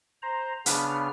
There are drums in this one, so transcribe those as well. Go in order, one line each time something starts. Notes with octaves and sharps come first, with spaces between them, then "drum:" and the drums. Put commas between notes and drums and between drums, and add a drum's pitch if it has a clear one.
C5 A#5
C#3 B3 D4 F6, drum: hi-hat